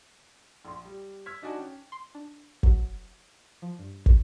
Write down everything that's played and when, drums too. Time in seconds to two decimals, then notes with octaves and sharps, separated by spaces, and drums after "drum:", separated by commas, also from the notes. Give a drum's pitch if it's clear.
0.65 A#1 C6
0.85 G3
1.26 E6 F6 G#6 B6
1.42 D4 D#4 F#4 D5 G#5 A5
1.58 C#4 G5
1.92 C6
2.15 D4
2.63 F#3, drum: kick
3.62 F3
3.79 G2
4.06 drum: kick